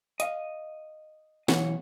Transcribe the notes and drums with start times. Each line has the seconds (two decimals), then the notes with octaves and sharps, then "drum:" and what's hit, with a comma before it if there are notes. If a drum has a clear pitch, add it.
0.20 D#5 F5, drum: hi-hat
1.48 B1 E2 E3 C#5 F#5, drum: snare